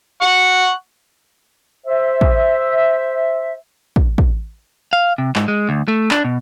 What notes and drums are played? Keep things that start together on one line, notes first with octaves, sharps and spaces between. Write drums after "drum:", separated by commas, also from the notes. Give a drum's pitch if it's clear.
F#5 C#6
C5 E5
drum: kick
drum: kick
drum: kick
F5
C3
G#2, drum: clap
G#3
D2
A3
D4, drum: clap
B2